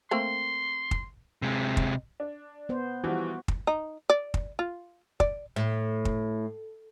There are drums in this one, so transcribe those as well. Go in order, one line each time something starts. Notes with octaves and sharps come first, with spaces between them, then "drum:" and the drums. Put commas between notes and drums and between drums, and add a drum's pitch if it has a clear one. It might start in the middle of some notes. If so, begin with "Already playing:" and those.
A3 A#3 C4 C6
drum: kick
C3 G#3
drum: kick
D4
B3 C5
E3 F3 G3 F#4
drum: kick
D#4
D5
drum: kick
F4
D5, drum: kick
A2
drum: kick